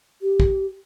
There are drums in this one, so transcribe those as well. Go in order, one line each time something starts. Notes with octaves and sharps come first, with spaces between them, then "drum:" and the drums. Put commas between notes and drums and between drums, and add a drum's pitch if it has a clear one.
G4
drum: kick